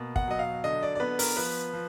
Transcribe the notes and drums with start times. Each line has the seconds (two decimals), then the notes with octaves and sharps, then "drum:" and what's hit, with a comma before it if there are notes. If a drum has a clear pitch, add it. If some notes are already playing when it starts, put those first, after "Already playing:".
Already playing: B2 A#3
0.16 F#5, drum: kick
0.28 F#3 D#5
0.39 F5
0.64 D3 D#5
0.83 D5
0.95 D5
1.00 B3 B4
1.19 A#4, drum: open hi-hat
1.37 F3 B4
1.73 F3